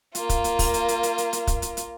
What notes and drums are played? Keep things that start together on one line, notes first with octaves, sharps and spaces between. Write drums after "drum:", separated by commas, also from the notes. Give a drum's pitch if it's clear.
A#3 F4, drum: hi-hat
drum: kick, hi-hat
drum: hi-hat
drum: kick, open hi-hat
drum: hi-hat
drum: hi-hat
drum: hi-hat
drum: hi-hat
drum: hi-hat
drum: kick, hi-hat
drum: hi-hat
drum: hi-hat